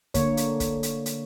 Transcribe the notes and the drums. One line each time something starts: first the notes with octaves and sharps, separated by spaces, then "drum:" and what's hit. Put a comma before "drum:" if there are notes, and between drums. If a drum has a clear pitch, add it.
D3 A#3 C#5, drum: kick, hi-hat
drum: hi-hat
drum: kick, hi-hat
drum: hi-hat
drum: hi-hat